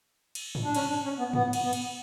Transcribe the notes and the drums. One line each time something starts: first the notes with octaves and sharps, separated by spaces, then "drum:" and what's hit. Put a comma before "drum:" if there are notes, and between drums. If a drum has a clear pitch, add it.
drum: cymbal
drum: tom
D4
C#4, drum: cymbal
D4
C#4
B3
B3, drum: tom
drum: cymbal
B3
drum: cymbal